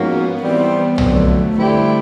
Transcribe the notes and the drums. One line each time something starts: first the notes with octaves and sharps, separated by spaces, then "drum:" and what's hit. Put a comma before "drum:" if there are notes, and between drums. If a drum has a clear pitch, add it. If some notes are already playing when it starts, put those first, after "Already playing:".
Already playing: G#2 F3 A#3 B3 C#4 F#4
E3 G3 B3 C4
F2 D3 F#3 A3, drum: tom
D3 G3 C4 E4 G4